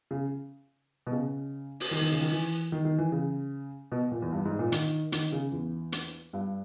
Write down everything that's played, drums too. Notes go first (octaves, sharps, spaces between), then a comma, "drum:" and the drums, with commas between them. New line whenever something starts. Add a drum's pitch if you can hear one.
C#3
B2
C#3
drum: open hi-hat
D#3
D#3
C#3
D#3
E3
D#3
D#3
E3
C#3
B2
A#2
E2
G2
G#2
A#2
D#3, drum: hi-hat
D#3, drum: hi-hat
C#3
E2
drum: hi-hat
G2